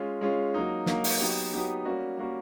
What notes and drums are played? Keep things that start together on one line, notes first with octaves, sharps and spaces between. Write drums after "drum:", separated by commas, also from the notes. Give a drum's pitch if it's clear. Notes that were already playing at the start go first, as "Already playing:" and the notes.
Already playing: G#3 C#4 F4
G#3 C#4 F4
F#3 A#3 D#4
F#3 A#3 D#4, drum: snare
drum: open hi-hat
F#3 B3 D#4 G4
F#3 B3 D#4 G4
G3 A#3 C#4 F#4
G3 A#3 C#4 F#4